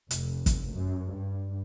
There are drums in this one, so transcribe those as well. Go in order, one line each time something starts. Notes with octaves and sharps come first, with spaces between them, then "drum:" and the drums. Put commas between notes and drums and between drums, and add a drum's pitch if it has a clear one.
F1, drum: hi-hat
drum: kick, hi-hat
F#2
G2